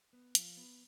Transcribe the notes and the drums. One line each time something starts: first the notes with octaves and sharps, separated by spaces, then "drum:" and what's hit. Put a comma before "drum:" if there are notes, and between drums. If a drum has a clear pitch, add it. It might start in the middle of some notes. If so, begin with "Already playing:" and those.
B3
F3, drum: hi-hat
B3